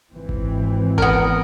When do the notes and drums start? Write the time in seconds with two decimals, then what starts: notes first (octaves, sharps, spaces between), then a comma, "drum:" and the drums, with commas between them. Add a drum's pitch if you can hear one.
0.12 G#1 E3 C4
0.29 drum: kick G#1
0.98 B3 A#4, drum: kick G#1